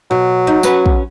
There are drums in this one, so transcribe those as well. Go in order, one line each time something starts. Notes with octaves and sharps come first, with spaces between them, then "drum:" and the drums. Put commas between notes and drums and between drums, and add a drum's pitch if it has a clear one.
B2 F#3
D#4
C#4 F#4 B4, drum: tambourine
drum: kick